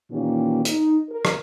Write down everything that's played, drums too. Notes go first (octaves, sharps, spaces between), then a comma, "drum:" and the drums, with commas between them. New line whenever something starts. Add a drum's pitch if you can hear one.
A#2 D#3 E3 A#3 C#4 G4
D#4, drum: hi-hat
A#4
drum: rim click